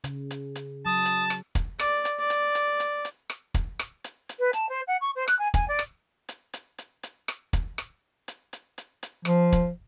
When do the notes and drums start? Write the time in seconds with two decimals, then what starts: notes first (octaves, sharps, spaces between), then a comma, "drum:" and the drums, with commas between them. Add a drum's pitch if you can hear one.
0.04 C#3, drum: hi-hat
0.31 drum: hi-hat
0.55 drum: hi-hat
0.86 F#3 A5 D#6
1.05 drum: hi-hat
1.30 drum: rim click
1.55 drum: kick, hi-hat
1.79 D5, drum: rim click
2.05 drum: hi-hat
2.19 D5
2.30 drum: hi-hat
2.55 drum: hi-hat
2.80 drum: hi-hat
3.05 drum: hi-hat
3.30 drum: rim click
3.54 drum: kick, hi-hat
3.79 drum: rim click
4.04 drum: hi-hat
4.29 drum: hi-hat
4.39 B4
4.53 A5, drum: hi-hat
4.69 C5
4.87 F#5
5.01 C#6
5.16 C5
5.28 F#6, drum: rim click
5.39 G#5
5.54 G#5, drum: kick, hi-hat
5.68 D5
5.79 drum: rim click
6.29 drum: hi-hat
6.53 drum: hi-hat
6.78 drum: hi-hat
7.03 drum: hi-hat
7.28 drum: rim click
7.53 drum: kick, hi-hat
7.78 drum: rim click
8.28 drum: hi-hat
8.53 drum: hi-hat
8.78 drum: hi-hat
9.03 drum: hi-hat
9.25 F3, drum: rim click
9.52 drum: kick, hi-hat